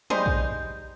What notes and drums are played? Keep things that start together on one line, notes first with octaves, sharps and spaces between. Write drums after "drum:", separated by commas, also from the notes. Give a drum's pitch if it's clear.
G3 G#3 D#4 C5, drum: tom
drum: kick